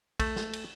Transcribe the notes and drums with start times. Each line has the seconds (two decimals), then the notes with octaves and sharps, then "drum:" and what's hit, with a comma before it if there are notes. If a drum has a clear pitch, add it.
0.20 A3, drum: kick, cymbal
0.36 drum: snare
0.53 drum: cymbal